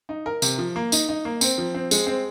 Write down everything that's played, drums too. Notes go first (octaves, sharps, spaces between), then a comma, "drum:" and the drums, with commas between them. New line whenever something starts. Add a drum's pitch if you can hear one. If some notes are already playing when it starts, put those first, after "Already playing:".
D#4
A#4
C3, drum: tambourine
F3
A#3
D#4, drum: tambourine
D#4
A#3
C4, drum: tambourine
F3
C4
G#3, drum: tambourine
C4